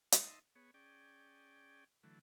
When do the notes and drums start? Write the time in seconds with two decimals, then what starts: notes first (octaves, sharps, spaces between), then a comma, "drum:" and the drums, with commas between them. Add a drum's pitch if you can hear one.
0.12 D#4 D#5 E5 A5 C6, drum: hi-hat
0.55 B3 G#4 C#5
0.74 C#4 G#4 D5 G5
2.03 D3 E3 F#3 A3